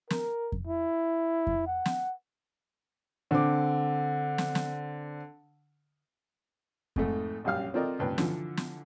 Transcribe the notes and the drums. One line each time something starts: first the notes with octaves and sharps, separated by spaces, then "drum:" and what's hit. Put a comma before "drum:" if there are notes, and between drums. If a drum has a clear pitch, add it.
A#4, drum: snare
drum: kick F2
E4
drum: kick F2
F#5
drum: snare
D3 C4 D6
drum: snare
drum: snare
F2 G#2 A3, drum: kick F2
A#1 F#2 G3 F5 F6
C4 F4 A4 A#4 D5 D#5
C#2 G2 A#2 B4
D3 E3 F3, drum: snare
drum: snare